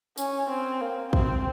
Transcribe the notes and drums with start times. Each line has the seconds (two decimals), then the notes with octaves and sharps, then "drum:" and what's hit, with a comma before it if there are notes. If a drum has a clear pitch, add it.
0.18 C#4, drum: tambourine
0.49 C4
0.81 A#3
1.13 C4, drum: kick